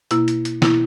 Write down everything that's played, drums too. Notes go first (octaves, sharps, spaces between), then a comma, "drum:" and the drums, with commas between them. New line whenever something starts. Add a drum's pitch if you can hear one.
B2 A#3 E4, drum: hi-hat
drum: hi-hat
drum: hi-hat
B2 A#3 E4, drum: snare